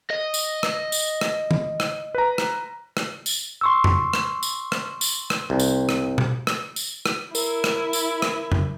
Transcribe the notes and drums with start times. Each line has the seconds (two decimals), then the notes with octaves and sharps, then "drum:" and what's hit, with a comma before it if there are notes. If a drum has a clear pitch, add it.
0.11 D#5
0.34 drum: tambourine
0.63 drum: rim click
0.92 drum: tambourine
1.21 drum: rim click
1.51 drum: tom D#3
1.80 drum: rim click
2.15 B4 A#5
2.38 drum: rim click
2.97 drum: rim click
3.26 drum: tambourine
3.61 C6 C#6 E6
3.84 drum: tom F2
4.13 drum: rim click
4.43 drum: tambourine
4.72 drum: rim click
5.01 drum: tambourine
5.30 drum: rim click
5.50 C2
5.60 drum: tambourine
5.89 drum: rim click
6.18 drum: tom B2
6.47 drum: rim click
6.76 drum: tambourine
7.06 drum: rim click
7.35 E4 A#4, drum: tambourine
7.64 drum: rim click
7.93 drum: tambourine
8.22 drum: rim click
8.52 drum: tom F2